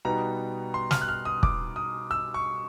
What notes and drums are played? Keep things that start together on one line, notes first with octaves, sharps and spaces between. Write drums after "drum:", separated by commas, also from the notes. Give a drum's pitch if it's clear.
B2 G3 B3 D#4 A#5
C6
F6, drum: snare
F#6
F6
D#6
D6, drum: kick
D#6
E6
C#6